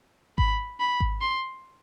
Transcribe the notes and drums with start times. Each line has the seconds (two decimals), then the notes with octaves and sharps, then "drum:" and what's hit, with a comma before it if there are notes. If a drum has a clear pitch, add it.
0.38 B5, drum: kick G#1
0.80 B5
1.00 drum: kick G#1
1.21 C6